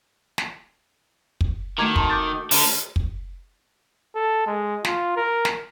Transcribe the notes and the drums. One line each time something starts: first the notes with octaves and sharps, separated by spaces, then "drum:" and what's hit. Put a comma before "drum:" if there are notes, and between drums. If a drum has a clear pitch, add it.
drum: snare
drum: kick
D#3 A3 F#4 A#5 D6 G#6
A5 A#5 C6, drum: kick
D6 G6 A6
D3, drum: open hi-hat
drum: kick
A4
G#3
F4, drum: snare
A#4
drum: snare